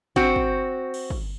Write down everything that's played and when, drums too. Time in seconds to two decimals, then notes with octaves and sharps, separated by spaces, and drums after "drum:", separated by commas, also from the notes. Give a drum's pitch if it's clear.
0.16 C4 F#4, drum: kick
0.36 drum: kick
0.94 drum: cymbal
1.10 drum: kick